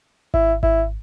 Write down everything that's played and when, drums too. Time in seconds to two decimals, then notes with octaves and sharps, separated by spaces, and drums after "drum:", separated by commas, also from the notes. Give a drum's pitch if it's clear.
0.34 E4, drum: kick G#1
0.63 E4, drum: kick G#1